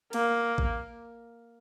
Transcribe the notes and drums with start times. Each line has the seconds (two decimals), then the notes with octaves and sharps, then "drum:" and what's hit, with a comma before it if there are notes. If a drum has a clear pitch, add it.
0.13 A#3, drum: cymbal
0.58 drum: kick A1